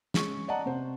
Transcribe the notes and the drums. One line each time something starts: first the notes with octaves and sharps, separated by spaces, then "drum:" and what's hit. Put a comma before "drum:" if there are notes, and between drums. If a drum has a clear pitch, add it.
G#3 C#4 C#6, drum: snare
D5 D#5 F#5 A5 A#5
C3 C5